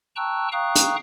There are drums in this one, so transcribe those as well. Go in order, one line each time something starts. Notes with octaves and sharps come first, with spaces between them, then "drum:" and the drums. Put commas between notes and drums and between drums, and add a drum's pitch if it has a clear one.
G5 A5 A#5 C#6 E6 F#6
F5 G5 A#5 C#6 D#6 F#6
drum: hi-hat